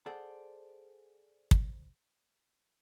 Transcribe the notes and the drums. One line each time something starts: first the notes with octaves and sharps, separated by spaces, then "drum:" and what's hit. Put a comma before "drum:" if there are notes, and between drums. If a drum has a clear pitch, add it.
G#4 A4 C5 D5 F#5 A5
drum: kick